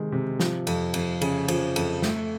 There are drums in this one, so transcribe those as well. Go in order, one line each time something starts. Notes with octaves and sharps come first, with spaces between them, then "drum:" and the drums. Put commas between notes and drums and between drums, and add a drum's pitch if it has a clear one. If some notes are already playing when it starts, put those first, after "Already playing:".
Already playing: C3 D#3 G#3
C3
F3, drum: snare
F2, drum: cymbal
F2, drum: cymbal
C#3, drum: cymbal
F3, drum: cymbal
F2, drum: cymbal
A3, drum: snare